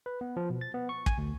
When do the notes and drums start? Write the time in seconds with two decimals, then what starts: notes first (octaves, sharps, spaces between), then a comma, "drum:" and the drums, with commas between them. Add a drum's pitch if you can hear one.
0.06 B4
0.21 B3
0.37 F3
0.50 B2
0.61 A6
0.74 B3
0.89 C#6
1.06 G#5, drum: kick
1.18 D2